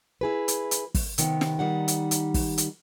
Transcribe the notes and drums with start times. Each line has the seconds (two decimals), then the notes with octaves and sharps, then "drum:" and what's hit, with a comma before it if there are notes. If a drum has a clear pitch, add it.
0.21 E4 G#4 B4
0.48 drum: hi-hat
0.71 drum: hi-hat
0.94 drum: kick, open hi-hat
1.18 C3 D#3 B3, drum: hi-hat
1.41 drum: snare
1.59 D#3 G3 D#4 F#5
1.88 drum: hi-hat
2.11 drum: hi-hat
2.34 drum: kick, open hi-hat
2.58 drum: hi-hat